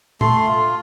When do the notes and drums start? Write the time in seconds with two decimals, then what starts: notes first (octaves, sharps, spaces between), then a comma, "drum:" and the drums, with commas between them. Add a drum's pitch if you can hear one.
0.21 A3 C6, drum: tom A#2
0.47 F4